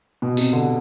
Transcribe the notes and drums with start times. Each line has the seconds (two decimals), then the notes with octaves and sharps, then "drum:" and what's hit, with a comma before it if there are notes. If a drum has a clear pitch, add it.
0.22 B2
0.37 C3, drum: tambourine
0.53 D3